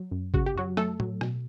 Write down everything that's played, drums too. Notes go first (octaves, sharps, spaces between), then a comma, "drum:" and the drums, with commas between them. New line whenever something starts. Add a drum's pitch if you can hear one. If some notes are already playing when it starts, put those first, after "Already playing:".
Already playing: F#3
F#2
C#3 F#4, drum: kick G#1
G4
F#2 F#3 F#4
F#3 A3 A4, drum: rim click
F#3, drum: tom A2
B2, drum: rim click